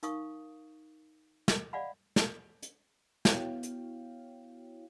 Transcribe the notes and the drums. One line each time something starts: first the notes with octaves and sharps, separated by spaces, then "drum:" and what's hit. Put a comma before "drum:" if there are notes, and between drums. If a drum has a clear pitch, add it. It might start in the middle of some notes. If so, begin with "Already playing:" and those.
D#4 A#4 F5 C#6 D#6, drum: hi-hat
drum: snare
D5 D#5 F5 F#5 G#5 B5
drum: snare
drum: hi-hat
B3 E4 F#4 C#5 F5 G5, drum: snare
drum: hi-hat